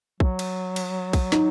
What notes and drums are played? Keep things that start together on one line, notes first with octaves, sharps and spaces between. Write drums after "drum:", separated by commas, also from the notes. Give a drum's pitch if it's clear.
F#3, drum: kick A#1
drum: cymbal
drum: cymbal
drum: kick A#1, cymbal
D#4, drum: snare